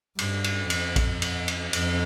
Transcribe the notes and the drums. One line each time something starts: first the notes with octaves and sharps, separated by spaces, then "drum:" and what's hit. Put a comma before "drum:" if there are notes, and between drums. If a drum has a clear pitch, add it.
G2, drum: cymbal
drum: cymbal
F2, drum: cymbal
drum: kick A#1, cymbal
drum: cymbal
drum: cymbal
F2, drum: cymbal